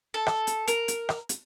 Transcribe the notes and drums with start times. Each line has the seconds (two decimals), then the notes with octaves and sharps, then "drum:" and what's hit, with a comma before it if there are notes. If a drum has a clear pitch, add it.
0.14 A4
0.26 drum: rim click
0.47 drum: hi-hat
0.68 A#4, drum: hi-hat
0.88 drum: hi-hat
1.09 drum: rim click
1.29 drum: hi-hat